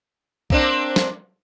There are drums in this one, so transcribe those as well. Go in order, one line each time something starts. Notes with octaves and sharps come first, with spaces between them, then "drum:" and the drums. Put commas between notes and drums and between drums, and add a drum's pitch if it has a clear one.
A#3 C4 D4, drum: kick B1
drum: snare